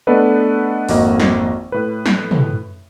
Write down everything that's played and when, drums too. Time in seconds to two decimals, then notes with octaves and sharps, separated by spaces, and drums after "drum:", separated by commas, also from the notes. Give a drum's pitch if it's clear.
0.07 A3 B3 D4 A4 B4 D#5
0.89 G#1 F2 A#3 F#4 D#5, drum: open hi-hat
1.20 drum: snare
1.72 A2 B4
2.06 drum: snare
2.31 drum: tom